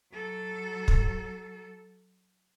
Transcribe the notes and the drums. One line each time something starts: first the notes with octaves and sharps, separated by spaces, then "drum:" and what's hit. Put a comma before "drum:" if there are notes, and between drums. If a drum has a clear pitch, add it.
F#3 A4
drum: kick